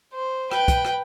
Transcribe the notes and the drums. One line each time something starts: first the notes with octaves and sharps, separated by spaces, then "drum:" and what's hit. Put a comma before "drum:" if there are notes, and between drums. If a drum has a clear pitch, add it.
C5
B4 G5, drum: rim click
drum: kick, hi-hat
drum: rim click